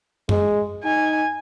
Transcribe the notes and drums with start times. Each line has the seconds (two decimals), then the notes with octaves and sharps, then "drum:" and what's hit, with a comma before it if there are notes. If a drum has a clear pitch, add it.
0.29 G#3, drum: tom F#2
0.84 D#4 G#5